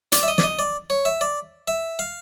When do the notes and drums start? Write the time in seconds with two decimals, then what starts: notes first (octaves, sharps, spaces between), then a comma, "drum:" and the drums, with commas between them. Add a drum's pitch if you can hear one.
0.12 D5, drum: hi-hat
0.23 E5
0.28 D#5
0.38 D5, drum: snare
0.43 D#5
0.59 D5
0.90 C#5
1.05 E5
1.21 D5
1.68 E5
1.99 F5